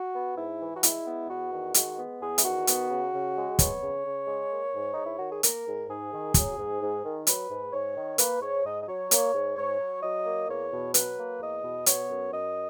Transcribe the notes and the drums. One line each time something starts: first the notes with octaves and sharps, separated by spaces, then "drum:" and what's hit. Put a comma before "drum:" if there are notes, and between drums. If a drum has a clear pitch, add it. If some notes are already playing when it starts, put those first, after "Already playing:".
Already playing: F#4
B3
G#2 E4
E3
F#4
G#3 E4, drum: hi-hat
B3
E2 F#4
D#3
G#3 F#4, drum: hi-hat
B3
E2 G#4
E4, drum: hi-hat
D#3 F#4
B3, drum: hi-hat
C#3
C#3
G#3
B3 C#5, drum: kick, hi-hat
C#3
C#3
G#3
A#3
G#2
G#2 D#4
E4
D#3 F#4
G#4
A#3 A#4, drum: hi-hat
G#2
G#2 G#4
D#3
F#3, drum: kick, hi-hat
G#2
G#2
D#3
F#3 B4, drum: hi-hat
G#2
G#2 C#5
D#3
A#3 B4, drum: hi-hat
G#2 C#5
G#2 D#5
D#5
F#3 C#5
A#3 C#5, drum: hi-hat
G#2
G#2 C#5
F#3
F#3 D#5
A#3
E2 C#5
B2
F#3 B4, drum: hi-hat
A#3
E2 D#5
B2
B3 C#5, drum: hi-hat
F#2
F#2 D#5